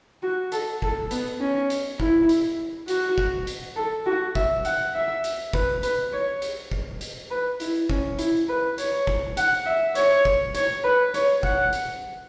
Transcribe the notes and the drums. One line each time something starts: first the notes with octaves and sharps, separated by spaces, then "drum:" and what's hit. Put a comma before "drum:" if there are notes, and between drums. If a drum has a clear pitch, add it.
F#4
A4, drum: hi-hat
A4, drum: kick
B3, drum: hi-hat
C#4
drum: hi-hat
E4, drum: kick
drum: hi-hat
F#4, drum: hi-hat
drum: kick
drum: hi-hat
A4
F#4
E5, drum: kick
F#5, drum: hi-hat
E5
drum: hi-hat
B4, drum: kick
B4, drum: hi-hat
C#5
drum: hi-hat
drum: kick
drum: hi-hat
B4
E4, drum: hi-hat
C#4, drum: kick
E4, drum: hi-hat
B4
C#5, drum: hi-hat
drum: kick
F#5, drum: hi-hat
E5
C#5, drum: hi-hat
drum: kick
C#5, drum: hi-hat
B4
C#5, drum: hi-hat
F#5, drum: kick
drum: hi-hat